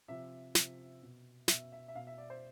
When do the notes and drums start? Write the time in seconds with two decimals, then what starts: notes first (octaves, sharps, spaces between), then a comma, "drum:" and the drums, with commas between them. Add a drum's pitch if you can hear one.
0.08 C3 F3 E5
0.55 C3 F3, drum: snare
1.02 B2
1.48 B2 E5, drum: snare
1.72 E5
1.88 E5
1.95 B2 F5
2.07 E5
2.18 D5
2.30 C5